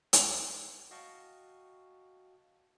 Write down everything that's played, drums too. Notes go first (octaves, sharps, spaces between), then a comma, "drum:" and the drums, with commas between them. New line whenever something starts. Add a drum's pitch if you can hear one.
drum: hi-hat
F#4 D#5 F5 G5 A5 C#6